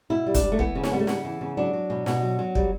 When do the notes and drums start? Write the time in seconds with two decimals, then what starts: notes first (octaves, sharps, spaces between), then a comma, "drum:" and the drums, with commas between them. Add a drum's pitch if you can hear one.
0.10 B2 E4
0.26 G3
0.35 D4, drum: kick, hi-hat
0.43 G3
0.52 A3
0.59 E3 B3, drum: kick
0.75 C#3
0.83 C#4, drum: snare
0.92 G3 B3
0.99 A3
1.07 C#3 B3, drum: snare
1.25 E3
1.41 C#3
1.57 F#3 D4
1.73 F#3
1.90 B2
2.06 B2, drum: snare
2.22 F#3
2.39 F#3
2.55 G3, drum: kick